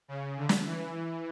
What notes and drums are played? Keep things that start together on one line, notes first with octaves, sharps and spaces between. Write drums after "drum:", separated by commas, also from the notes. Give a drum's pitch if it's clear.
C#3
D3
drum: snare
E3